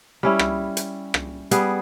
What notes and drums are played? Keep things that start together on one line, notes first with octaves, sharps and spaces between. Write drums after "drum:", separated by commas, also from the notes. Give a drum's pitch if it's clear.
G3 C#4 E4
drum: rim click
drum: hi-hat
drum: rim click
G3 B3 G#4, drum: hi-hat